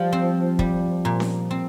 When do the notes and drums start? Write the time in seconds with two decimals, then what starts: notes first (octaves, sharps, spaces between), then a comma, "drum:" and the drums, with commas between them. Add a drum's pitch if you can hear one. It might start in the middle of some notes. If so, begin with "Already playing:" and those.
Already playing: F3 G3
0.12 C4
0.59 G3, drum: kick
1.05 A#2
1.20 drum: snare C#4
1.51 C4